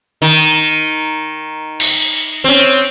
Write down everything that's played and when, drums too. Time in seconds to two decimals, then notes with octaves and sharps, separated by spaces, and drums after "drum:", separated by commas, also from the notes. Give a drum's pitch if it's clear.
0.22 D#3
1.80 drum: cymbal
2.44 C4 C#4